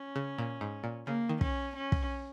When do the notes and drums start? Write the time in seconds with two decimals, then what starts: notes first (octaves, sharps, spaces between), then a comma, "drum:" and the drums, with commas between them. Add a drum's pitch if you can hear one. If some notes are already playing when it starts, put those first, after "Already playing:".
Already playing: C#4
0.16 C#3
0.38 A#2
0.61 G#2
0.84 A#2
1.07 C#3 A#3
1.29 D#3
1.41 C#4, drum: kick
1.76 C#4
1.92 drum: kick